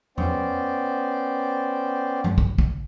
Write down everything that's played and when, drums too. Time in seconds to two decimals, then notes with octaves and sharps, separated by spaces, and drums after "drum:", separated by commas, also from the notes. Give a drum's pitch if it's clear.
0.18 B3 C#4 C5 D5 G5, drum: tom E2
2.24 drum: tom G2
2.38 drum: kick
2.58 drum: kick